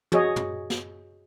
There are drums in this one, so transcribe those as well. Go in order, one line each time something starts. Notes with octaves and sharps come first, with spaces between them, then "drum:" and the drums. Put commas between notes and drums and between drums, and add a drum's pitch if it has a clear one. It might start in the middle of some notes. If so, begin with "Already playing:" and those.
F#4 G#4 C#5 D#5, drum: tom
drum: tom
drum: snare